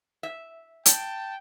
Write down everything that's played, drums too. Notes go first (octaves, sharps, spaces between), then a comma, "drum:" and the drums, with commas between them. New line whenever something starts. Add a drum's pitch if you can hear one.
E5
G5 A5, drum: hi-hat